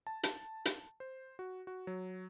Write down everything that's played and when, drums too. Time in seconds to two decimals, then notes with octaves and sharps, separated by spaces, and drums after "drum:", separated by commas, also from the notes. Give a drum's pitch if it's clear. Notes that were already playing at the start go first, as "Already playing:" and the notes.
0.07 A5
0.23 A5, drum: hi-hat
0.65 drum: hi-hat
1.00 C5
1.39 F#4
1.67 F#4
1.87 F#3